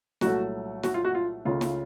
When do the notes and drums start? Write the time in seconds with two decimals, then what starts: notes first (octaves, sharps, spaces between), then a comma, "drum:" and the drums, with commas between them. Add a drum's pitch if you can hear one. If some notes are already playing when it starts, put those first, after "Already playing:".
0.21 C2 A#2 F#3 A3 F#4, drum: snare
0.83 F#4, drum: snare
0.94 F4
1.04 F#4
1.15 F4
1.45 C#2 C#3 A3 F4
1.61 drum: snare